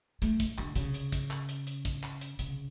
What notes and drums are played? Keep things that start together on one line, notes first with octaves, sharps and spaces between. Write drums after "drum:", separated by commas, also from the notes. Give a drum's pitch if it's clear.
A3, drum: hi-hat
drum: kick, hi-hat
D3, drum: clap
C#3, drum: hi-hat
drum: hi-hat
drum: kick, hi-hat
drum: clap
drum: hi-hat
drum: hi-hat
drum: kick, hi-hat
drum: clap
drum: hi-hat
C#3, drum: hi-hat